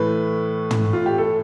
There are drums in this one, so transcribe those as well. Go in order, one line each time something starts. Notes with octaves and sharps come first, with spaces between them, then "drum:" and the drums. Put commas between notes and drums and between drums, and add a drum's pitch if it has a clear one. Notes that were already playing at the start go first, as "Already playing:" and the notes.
Already playing: A2 E3 A3 B4
drum: tom
F4
G4
A4